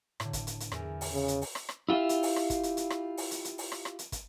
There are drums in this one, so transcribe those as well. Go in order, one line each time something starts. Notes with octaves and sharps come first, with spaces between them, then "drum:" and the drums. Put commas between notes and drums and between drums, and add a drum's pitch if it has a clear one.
A2 D3, drum: rim click
drum: kick, hi-hat
drum: hi-hat
drum: hi-hat
E2 A#4, drum: rim click
drum: open hi-hat
C#3
drum: hi-hat
drum: open hi-hat
drum: rim click
drum: rim click
E4 F4 G4 E5
drum: hi-hat
drum: open hi-hat
drum: rim click
drum: kick, hi-hat
drum: hi-hat
drum: hi-hat
drum: rim click
drum: open hi-hat
drum: hi-hat
drum: hi-hat
drum: open hi-hat
drum: rim click
drum: rim click
drum: hi-hat
drum: kick, hi-hat